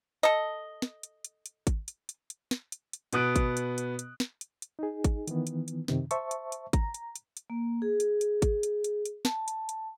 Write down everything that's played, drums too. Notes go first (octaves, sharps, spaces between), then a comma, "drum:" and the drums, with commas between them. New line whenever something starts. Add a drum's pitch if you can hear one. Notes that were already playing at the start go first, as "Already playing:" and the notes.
A4 D#5
drum: snare
drum: hi-hat
drum: hi-hat
drum: hi-hat
drum: kick G#1, hi-hat
drum: hi-hat
drum: hi-hat
drum: hi-hat
drum: snare
drum: hi-hat
drum: hi-hat
B2 B3 D#6 F#6 D7, drum: hi-hat
drum: kick G#1, hi-hat
drum: hi-hat
drum: hi-hat
drum: hi-hat
drum: snare
drum: hi-hat
drum: hi-hat
D#4 G#4
drum: kick G#1, hi-hat
D#3 E3 B3, drum: hi-hat
drum: hi-hat
drum: hi-hat
F#2 C3 D#3, drum: snare
C5 E5 A5 C#6, drum: hi-hat
drum: hi-hat
drum: hi-hat
A#5, drum: kick G#1, hi-hat
drum: hi-hat
drum: hi-hat
drum: hi-hat
A#3
G#4
drum: hi-hat
drum: hi-hat
drum: kick G#1, hi-hat
drum: hi-hat
drum: hi-hat
drum: hi-hat
A5, drum: snare
drum: hi-hat
drum: hi-hat